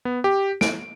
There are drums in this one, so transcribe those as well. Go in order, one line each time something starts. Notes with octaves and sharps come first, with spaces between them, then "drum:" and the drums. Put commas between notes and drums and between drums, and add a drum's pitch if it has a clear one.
B3
G4
D7, drum: snare